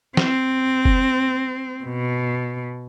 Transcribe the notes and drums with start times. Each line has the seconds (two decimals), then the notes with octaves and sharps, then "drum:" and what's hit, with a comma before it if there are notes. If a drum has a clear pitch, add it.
0.17 C4, drum: snare
0.85 drum: kick F#1
1.84 B2